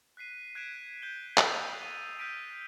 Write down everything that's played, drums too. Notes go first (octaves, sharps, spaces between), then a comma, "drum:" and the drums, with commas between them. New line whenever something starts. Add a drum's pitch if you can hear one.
F#6 B6 C7 D#7
F#6 G#6 B6 D7 E7
G6 D7 G7
D#6 E6 A6 C7 F7 G7, drum: clap
D#7
F6 G6 A6 B6 D7 D#7